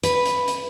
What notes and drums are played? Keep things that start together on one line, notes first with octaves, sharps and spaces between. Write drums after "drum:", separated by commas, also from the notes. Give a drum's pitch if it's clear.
B4, drum: hi-hat
drum: hi-hat
drum: hi-hat